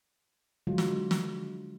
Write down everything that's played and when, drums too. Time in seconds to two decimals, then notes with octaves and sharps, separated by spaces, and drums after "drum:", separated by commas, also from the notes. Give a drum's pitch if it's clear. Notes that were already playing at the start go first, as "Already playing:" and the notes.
0.67 D3 F3 F#3 G#3 F4 F5
0.78 drum: snare
1.11 drum: snare